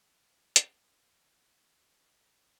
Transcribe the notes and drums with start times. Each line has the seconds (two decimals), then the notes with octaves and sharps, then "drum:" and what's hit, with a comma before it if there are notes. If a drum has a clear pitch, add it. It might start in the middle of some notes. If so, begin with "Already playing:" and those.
Already playing: D2 C3
0.15 F#3
0.56 G#3, drum: hi-hat
1.37 D#2 C#3